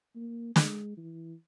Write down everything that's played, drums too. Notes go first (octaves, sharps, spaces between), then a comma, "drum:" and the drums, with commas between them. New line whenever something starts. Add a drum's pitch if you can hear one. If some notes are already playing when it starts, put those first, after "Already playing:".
A#3
G#3, drum: snare
E3